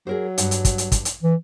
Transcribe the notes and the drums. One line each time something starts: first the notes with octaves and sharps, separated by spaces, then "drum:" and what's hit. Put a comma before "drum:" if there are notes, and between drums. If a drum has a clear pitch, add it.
F#3 G#4 A#4 C5
G2 F#5, drum: hi-hat
drum: hi-hat
drum: kick, hi-hat
drum: hi-hat
drum: kick, hi-hat
drum: hi-hat
E3